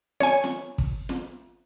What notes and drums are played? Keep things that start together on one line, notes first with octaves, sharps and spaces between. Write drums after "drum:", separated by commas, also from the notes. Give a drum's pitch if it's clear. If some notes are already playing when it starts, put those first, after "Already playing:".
C#5 G#5, drum: snare
drum: snare
drum: kick
drum: snare